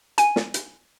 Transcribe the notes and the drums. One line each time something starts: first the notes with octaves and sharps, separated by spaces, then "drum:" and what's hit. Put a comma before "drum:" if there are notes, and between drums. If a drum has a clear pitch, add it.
G#5 D#7, drum: hi-hat
drum: snare
drum: hi-hat